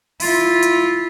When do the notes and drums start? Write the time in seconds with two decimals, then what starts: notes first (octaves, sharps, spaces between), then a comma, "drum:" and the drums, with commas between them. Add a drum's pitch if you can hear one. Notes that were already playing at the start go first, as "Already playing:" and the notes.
0.20 E4 F4, drum: open hi-hat
0.63 drum: hi-hat